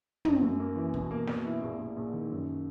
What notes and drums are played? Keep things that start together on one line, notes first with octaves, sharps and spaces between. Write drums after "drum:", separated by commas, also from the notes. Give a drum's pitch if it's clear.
F#2, drum: tom
F#2
A#3
E3
B2, drum: kick
A#3
B2, drum: snare
E4
A#1
A#1
A#1
D#3
F#2